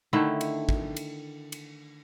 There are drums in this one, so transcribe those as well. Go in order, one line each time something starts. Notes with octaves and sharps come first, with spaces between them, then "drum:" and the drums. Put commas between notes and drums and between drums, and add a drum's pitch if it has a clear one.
D3 D#3 A3 E4
drum: cymbal
drum: kick
drum: cymbal
drum: cymbal